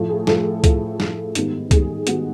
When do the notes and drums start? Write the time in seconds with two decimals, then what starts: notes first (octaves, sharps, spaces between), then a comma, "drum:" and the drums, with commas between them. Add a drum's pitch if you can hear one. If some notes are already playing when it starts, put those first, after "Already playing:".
Already playing: A2 F3 A3
0.09 G#4
0.27 A2 F3 A3 A4, drum: snare
0.64 A2 F3 A3, drum: kick C#2, hi-hat
1.00 A2 F3 A3, drum: snare
1.35 G#2 D#3 G3 B3, drum: hi-hat
1.71 G#2 D#3 G3 B3 G#4, drum: kick C#2, hi-hat
2.07 D#3 G3 B3 F#4, drum: hi-hat